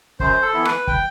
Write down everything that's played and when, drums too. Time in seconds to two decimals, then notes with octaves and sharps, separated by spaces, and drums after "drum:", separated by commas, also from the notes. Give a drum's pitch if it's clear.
0.20 F#2 C5, drum: kick
0.42 A4
0.54 E3 B3 E4
0.65 B4, drum: rim click
0.87 G5, drum: kick